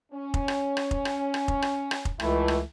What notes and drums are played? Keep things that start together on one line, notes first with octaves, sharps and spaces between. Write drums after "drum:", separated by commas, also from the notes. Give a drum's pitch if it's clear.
C#4
drum: kick F1
drum: rim click
drum: rim click
drum: kick F1
drum: rim click
drum: rim click
drum: kick F1
drum: rim click
drum: rim click
drum: kick F1
C#2 E3 A3 E4, drum: rim click
drum: rim click